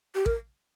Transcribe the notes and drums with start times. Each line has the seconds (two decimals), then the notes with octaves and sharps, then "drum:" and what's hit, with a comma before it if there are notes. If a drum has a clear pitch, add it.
0.15 G4
0.26 A#4, drum: kick A1